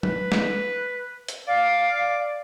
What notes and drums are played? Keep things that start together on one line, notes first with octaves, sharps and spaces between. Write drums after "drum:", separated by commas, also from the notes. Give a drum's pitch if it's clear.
B4, drum: tom
drum: snare
drum: hi-hat
D5 F5